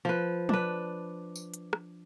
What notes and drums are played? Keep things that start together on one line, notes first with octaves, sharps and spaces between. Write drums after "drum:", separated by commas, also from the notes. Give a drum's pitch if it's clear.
F3 B4
D4 B4, drum: tom F3
drum: tambourine
drum: hi-hat
drum: rim click